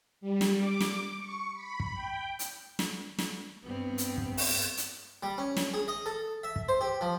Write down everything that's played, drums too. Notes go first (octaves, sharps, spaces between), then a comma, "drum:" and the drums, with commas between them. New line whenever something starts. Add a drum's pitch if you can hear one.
G3
drum: snare
D6
drum: snare
C#6
B5
drum: kick
G5
drum: hi-hat
drum: snare
drum: snare
G2 B3 C4
drum: hi-hat
drum: kick
drum: open hi-hat
drum: hi-hat
G3
C#4
drum: snare
G#4
D#5
A4
E5
drum: kick
C5
G4
F3